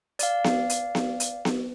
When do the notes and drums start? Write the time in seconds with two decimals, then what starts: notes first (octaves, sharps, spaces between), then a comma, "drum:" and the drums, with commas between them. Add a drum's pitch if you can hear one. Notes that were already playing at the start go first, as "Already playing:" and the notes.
0.19 D5 F5, drum: hi-hat
0.44 drum: snare B3
0.70 drum: hi-hat
0.95 drum: snare B3
1.20 drum: hi-hat
1.45 drum: snare B3